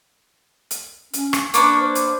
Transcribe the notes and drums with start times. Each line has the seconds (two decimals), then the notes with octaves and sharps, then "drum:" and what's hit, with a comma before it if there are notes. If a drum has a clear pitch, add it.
0.71 drum: hi-hat
1.13 C#4, drum: hi-hat
1.33 drum: rim click
1.54 A#3 D4 B4 C#6, drum: hi-hat
1.81 C5
1.95 drum: hi-hat